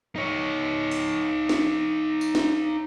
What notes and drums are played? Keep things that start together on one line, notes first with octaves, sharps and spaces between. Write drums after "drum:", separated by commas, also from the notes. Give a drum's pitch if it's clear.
D#4 C#5
drum: open hi-hat
drum: snare
drum: tambourine
drum: snare